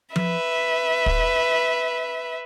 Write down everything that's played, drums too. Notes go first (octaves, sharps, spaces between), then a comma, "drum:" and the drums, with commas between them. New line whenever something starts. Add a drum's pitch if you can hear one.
B4 E5, drum: tom F3
drum: kick